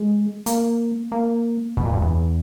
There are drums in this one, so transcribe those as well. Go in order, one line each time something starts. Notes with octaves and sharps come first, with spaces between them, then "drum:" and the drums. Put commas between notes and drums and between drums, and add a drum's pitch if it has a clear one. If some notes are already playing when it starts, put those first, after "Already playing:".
Already playing: G#3
A#3, drum: hi-hat
A#3
B2, drum: kick E2
A#2
G2
E2